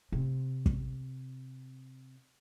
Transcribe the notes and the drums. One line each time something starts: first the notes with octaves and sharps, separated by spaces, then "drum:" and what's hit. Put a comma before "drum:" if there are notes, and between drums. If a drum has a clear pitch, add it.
C3 C4
drum: kick